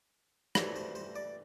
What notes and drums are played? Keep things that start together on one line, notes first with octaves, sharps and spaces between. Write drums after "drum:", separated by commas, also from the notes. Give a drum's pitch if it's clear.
G2 E3 A3 C4 C#5, drum: rim click
C5
C5
D5